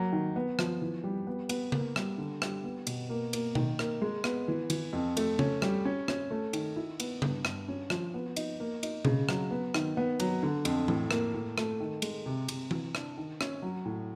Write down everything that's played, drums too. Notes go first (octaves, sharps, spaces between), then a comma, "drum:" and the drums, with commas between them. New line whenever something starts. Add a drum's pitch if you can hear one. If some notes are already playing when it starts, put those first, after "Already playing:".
Already playing: F#3 A#3
D#3
B3
F3, drum: rim click
E3
G3
B3
B3, drum: cymbal
A#3, drum: tom C#3
G3, drum: rim click
D3
G3, drum: rim click
B3
B2, drum: cymbal
A#3
A#3, drum: cymbal
D#3, drum: tom B2
A#3, drum: rim click
G#3
B3, drum: rim click
E3
E3, drum: cymbal
F2
A3, drum: cymbal
C#4, drum: tom C#3
G3, drum: rim click
C#4
C#4, drum: rim click
A3
D#3, drum: cymbal
E4
B3, drum: cymbal
G2, drum: tom C#3
G2, drum: rim click
C#4
F3, drum: rim click
B3
D#4, drum: cymbal
A#3
D#4, drum: cymbal
C#3, drum: tom B2
F#3, drum: rim click
B3
D#3, drum: rim click
B3
F#3, drum: cymbal
D3
F2, drum: cymbal
A2, drum: tom E3
A#3, drum: rim click
A2
A3, drum: rim click
D#3
G#3, drum: cymbal
C3
C3, drum: cymbal
E3, drum: tom E3
D4, drum: rim click
D#3
C#4, drum: rim click
F#3
A2